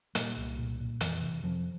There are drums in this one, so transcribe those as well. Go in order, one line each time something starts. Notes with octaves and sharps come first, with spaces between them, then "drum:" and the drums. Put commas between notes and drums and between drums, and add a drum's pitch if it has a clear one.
A#2 G3 A#3, drum: hi-hat
C2
A#2
A#2
F2 E3, drum: hi-hat
C3
F2 F3